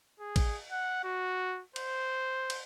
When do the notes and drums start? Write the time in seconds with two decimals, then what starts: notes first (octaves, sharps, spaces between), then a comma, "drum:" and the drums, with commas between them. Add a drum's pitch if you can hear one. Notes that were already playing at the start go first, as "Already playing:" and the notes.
0.20 G#4
0.36 drum: kick, cymbal
0.71 F#5
1.04 F#4
1.76 C5, drum: cymbal
2.50 drum: cymbal